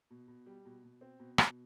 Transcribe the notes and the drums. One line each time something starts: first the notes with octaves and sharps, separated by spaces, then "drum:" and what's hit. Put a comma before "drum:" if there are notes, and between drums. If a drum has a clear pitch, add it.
B2
B2
G3
B2
B2
C4
B2
B2, drum: rim click